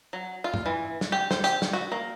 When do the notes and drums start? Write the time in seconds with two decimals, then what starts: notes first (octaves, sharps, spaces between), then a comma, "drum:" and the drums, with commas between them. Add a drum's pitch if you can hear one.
0.13 F#3
0.44 F4
0.54 drum: tom G2
0.66 E3
1.01 drum: snare
1.12 G4
1.31 C5, drum: snare
1.44 G4, drum: hi-hat
1.62 drum: snare
1.73 F#4
1.92 A#3